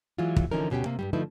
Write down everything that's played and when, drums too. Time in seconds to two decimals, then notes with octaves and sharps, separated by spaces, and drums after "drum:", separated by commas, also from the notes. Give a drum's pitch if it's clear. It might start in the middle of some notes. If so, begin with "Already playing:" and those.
0.18 E3 F#3 G#3 F4
0.36 drum: kick
0.51 D3 E3 F3 C#4 D#4 A#4
0.70 D2 B2 C#4 G4 G5
0.86 C3 A#3
0.99 G2 C#3 G3
1.13 D3 F3 A3 D#4 E4 B4